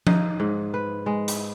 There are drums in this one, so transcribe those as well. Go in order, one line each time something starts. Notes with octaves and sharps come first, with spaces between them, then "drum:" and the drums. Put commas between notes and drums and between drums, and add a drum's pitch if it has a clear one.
D#4, drum: tom F3
G#2
B4
G#3
drum: hi-hat